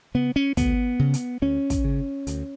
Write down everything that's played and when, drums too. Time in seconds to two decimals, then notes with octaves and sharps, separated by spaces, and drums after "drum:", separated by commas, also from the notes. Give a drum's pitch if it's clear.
0.14 C#3 B3
0.36 C#4
0.57 D2 B3, drum: kick, hi-hat
0.99 C#3
1.14 drum: hi-hat
1.42 D2 C#4
1.70 drum: kick, hi-hat
1.84 C#3
2.27 D2, drum: hi-hat